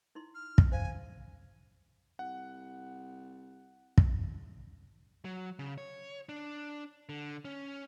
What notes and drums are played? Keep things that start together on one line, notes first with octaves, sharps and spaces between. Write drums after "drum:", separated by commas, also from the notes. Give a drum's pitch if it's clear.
D#4 E4 C6
F6
drum: kick
C5 F5 G#5
C2 F#5
drum: kick
F#3
C#3
C#5
D4
D3
C#4